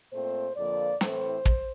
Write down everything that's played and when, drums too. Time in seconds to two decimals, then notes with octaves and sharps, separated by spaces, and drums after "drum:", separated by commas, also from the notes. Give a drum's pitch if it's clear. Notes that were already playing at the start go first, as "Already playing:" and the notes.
0.12 A#2 A3 C4 C5
0.56 F2 D3 F3 A#3 D5
1.01 A2 E3 A3 C4 C5, drum: snare
1.46 drum: kick